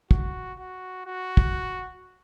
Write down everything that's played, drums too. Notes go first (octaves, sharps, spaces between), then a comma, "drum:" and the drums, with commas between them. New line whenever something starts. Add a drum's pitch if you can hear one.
F#4, drum: kick
F#4
F#4
drum: kick